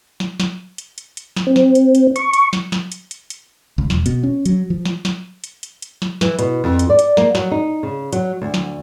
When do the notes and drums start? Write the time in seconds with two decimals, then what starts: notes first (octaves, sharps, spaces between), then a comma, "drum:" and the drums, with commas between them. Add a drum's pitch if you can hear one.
0.20 drum: snare
0.40 drum: snare
0.78 drum: hi-hat
0.98 drum: hi-hat
1.17 drum: hi-hat
1.37 drum: snare
1.47 C4
1.56 drum: snare
1.75 drum: hi-hat
1.95 drum: hi-hat
2.16 C#6, drum: hi-hat
2.33 drum: hi-hat
2.53 drum: snare
2.72 drum: snare
2.92 drum: hi-hat
3.11 drum: hi-hat
3.30 drum: hi-hat
3.78 C#2
3.90 E1, drum: snare
4.06 B2, drum: hi-hat
4.23 C#4
4.46 F#3, drum: hi-hat
4.70 F3
4.85 drum: snare
5.05 drum: snare
5.44 drum: hi-hat
5.63 drum: hi-hat
5.82 drum: hi-hat
6.02 drum: snare
6.21 E3, drum: snare
6.39 B2, drum: hi-hat
6.64 F2
6.79 drum: hi-hat
6.90 D5
6.99 drum: hi-hat
7.17 A#3, drum: snare
7.35 F#3, drum: snare
7.51 D#4
7.83 C#3
8.13 F#3, drum: hi-hat
8.42 D2
8.54 drum: snare